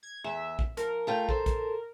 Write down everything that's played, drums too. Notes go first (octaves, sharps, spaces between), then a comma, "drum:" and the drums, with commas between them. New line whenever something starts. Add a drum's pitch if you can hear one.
G#6
E2 E5
drum: kick
F3 A#4, drum: hi-hat
A3 F4 G5
A4 C5, drum: kick
drum: kick, hi-hat